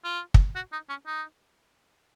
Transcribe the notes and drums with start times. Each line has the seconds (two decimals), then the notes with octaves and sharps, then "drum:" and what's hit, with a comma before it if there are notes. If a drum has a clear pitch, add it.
0.04 F4
0.34 drum: kick
0.56 F#4
0.72 D#4
0.90 C#4
1.07 D#4